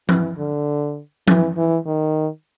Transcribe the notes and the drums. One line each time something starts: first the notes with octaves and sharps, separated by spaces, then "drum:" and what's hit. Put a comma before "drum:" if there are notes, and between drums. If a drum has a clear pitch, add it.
E3, drum: tom F3
D3
E3, drum: tom F3
E3
D#3